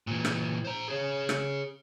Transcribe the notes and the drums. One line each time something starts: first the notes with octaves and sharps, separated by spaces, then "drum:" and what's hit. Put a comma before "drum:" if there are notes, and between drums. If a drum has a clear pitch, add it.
A#2 E3
drum: rim click
C5 A#5
G#4 C#5
drum: rim click